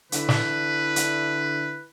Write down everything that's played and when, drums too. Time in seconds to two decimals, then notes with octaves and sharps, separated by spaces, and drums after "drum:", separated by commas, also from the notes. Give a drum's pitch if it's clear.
0.12 D3 E4 B4, drum: hi-hat
0.29 drum: snare
0.96 drum: hi-hat